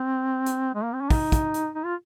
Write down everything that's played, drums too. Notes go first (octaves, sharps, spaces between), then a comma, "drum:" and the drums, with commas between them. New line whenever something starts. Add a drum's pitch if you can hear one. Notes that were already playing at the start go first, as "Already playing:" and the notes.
Already playing: C4
drum: hi-hat
G#3
A#3
C4
C#4
D#4, drum: kick, open hi-hat
drum: kick, hi-hat
drum: hi-hat
D#4
F4